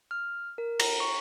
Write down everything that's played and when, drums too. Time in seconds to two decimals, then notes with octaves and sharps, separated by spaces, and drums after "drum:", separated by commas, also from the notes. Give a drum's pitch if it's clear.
0.11 F6
0.58 A#4
0.80 A#5, drum: cymbal
1.00 C#6